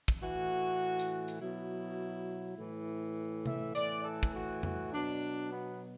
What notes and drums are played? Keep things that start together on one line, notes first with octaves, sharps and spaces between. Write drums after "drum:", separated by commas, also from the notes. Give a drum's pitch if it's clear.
drum: kick
A2 E3 F#4
drum: hi-hat
drum: hi-hat
B2 F#3 E4
A2 E3
E5, drum: tom C3
A2 E3 D5, drum: hi-hat
A4
drum: kick
F#4
F#4, drum: tom F2
B2 F#3 D4
B3